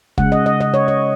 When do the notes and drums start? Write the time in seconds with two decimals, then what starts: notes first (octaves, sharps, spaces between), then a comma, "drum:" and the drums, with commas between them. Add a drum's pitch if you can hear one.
0.18 C#3 G#3 F#5, drum: kick
0.32 D#5
0.46 D#5
0.61 D#5
0.74 C#5
0.88 D#5